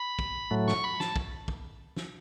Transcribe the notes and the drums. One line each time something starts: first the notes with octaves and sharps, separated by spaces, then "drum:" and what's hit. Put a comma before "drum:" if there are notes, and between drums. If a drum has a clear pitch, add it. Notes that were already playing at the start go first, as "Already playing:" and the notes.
Already playing: B5
drum: kick
A2 F#3 A3
C#6, drum: snare
B5
A5, drum: snare
drum: kick
drum: kick
drum: snare